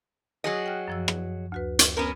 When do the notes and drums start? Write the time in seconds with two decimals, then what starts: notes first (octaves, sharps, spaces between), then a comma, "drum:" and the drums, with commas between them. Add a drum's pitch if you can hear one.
0.44 F#3 G#4 D#5
0.66 G5 F6 F#6
0.88 F#2 F3 E6
1.08 drum: rim click
1.52 D2 F#4 B4
1.79 drum: hi-hat
1.97 B3 C#4 A#4 B5